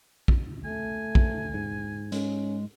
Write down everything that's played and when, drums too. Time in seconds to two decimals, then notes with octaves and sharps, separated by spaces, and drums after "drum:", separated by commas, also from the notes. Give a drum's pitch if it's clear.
0.28 drum: kick A#1
0.64 A3 G#5
1.15 drum: kick A#1
1.54 G#2
2.12 G#3 C#4, drum: hi-hat